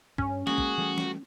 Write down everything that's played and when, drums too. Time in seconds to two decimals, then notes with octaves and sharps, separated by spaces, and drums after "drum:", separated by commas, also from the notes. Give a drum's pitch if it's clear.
0.18 G2 C#4, drum: kick
0.47 G#3 A#3 F#4 G#4, drum: snare
0.58 drum: kick
0.78 E3 G3 A3
0.98 drum: snare